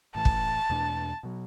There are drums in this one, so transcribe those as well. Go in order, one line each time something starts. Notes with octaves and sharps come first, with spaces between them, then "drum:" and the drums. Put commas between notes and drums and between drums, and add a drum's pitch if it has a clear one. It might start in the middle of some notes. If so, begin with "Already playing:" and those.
A1 A2 E3 A5
drum: kick
E2 B2 A3 D4
B2 F#3